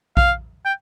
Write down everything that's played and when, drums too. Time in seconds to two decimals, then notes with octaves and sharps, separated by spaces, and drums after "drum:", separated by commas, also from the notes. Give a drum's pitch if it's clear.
0.17 F5, drum: kick A#1
0.65 G5